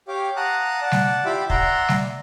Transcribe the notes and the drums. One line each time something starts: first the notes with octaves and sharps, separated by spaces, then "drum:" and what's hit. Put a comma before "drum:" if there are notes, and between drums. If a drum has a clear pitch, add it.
G4 C#5 F5 D6
F5 F#5 A5 A#5 D#6 F#6
D5 F#5 A5
drum: snare G3
E4 F4 G4 E5 B5 D6
D5 E5 F#5 A#5 C6, drum: kick
drum: snare G3